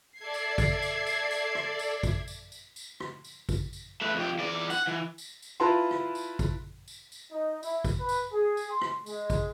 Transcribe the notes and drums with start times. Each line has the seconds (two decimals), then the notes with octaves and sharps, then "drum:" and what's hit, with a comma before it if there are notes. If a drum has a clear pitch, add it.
0.19 A4 D5 E5 G#6 C7
0.34 drum: tambourine
0.58 drum: kick, tambourine
0.82 drum: tambourine
1.07 drum: tambourine
1.31 drum: tambourine
1.55 drum: rim click
1.79 drum: tambourine
2.03 drum: kick, tambourine
2.28 drum: tambourine
2.52 drum: tambourine
2.76 drum: tambourine
3.00 drum: rim click
3.24 drum: tambourine
3.49 drum: kick, tambourine
3.73 drum: tambourine
4.01 A3 B4
4.15 F2 G4
4.39 E3 D5
4.70 F#5, drum: tambourine
4.87 E3
5.18 drum: tambourine
5.42 drum: tambourine
5.60 E4 F4 B4 A5 A#5 C6
5.91 drum: rim click
6.15 drum: tambourine
6.39 drum: kick, tambourine
6.88 drum: tambourine
7.12 drum: tambourine
7.32 D#4
7.63 E4, drum: tambourine
7.84 drum: kick, tambourine
7.99 B4
8.09 drum: tambourine
8.33 G#4
8.57 drum: tambourine
8.71 C6
8.81 drum: rim click
9.06 G#3, drum: tambourine
9.30 drum: kick, tambourine